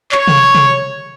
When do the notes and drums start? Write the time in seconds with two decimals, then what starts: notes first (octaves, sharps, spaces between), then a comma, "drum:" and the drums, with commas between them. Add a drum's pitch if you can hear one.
0.12 C#5, drum: clap
0.27 drum: tom C3
0.55 drum: tom C3